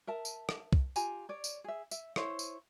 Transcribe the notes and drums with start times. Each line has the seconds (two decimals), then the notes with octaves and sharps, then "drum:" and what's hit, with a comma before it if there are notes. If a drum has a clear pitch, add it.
0.07 A#4 E5 A5
0.25 drum: tambourine
0.49 drum: rim click
0.73 drum: kick C2
0.96 F4 G4 G#5 A#5, drum: tambourine
1.29 C#5 D5
1.44 drum: tambourine
1.64 G#4 E5
1.91 E5, drum: tambourine
2.16 E4 C5 C#5, drum: rim click
2.39 drum: tambourine